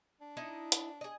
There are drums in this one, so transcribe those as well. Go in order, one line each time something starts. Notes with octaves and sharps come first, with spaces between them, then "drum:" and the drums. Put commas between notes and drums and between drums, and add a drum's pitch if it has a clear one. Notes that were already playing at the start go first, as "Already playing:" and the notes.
D4
D#4 E4 D#5
drum: hi-hat
G#4 D#5